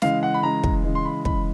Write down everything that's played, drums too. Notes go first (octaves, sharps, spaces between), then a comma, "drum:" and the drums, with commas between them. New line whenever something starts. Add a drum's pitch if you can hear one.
C#3 E3 G#3 F5, drum: snare
F#5
B5
C#3 E3 G#3 A#5
drum: kick
C#3 E3 G#3
C6
B5
C#3 E3 G#3 B5, drum: kick